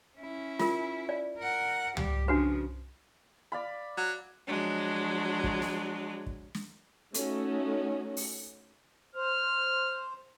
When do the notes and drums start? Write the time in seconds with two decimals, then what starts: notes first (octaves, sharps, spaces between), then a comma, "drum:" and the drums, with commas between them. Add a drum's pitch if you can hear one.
0.17 C#4 E4
0.59 F4 A#4, drum: snare
1.09 D5
1.38 A#4 F#5
1.97 G3 G4, drum: tom
2.28 C#3 F3 D4 F#4 B4
3.52 D5 F5 B5
3.98 F#3
4.46 F3 F#3 G#3 D4
5.44 drum: kick
5.62 drum: snare
6.26 drum: kick
6.55 drum: snare
7.14 A3 C#4 D#4 F#4, drum: hi-hat
8.17 drum: open hi-hat
9.15 C5 F6